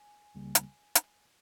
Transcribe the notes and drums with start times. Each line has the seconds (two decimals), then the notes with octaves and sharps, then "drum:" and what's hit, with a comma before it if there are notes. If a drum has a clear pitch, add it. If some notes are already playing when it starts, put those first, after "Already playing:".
Already playing: G#5
0.35 C#2 C#3 G3 A#3
0.55 drum: hi-hat
0.95 drum: hi-hat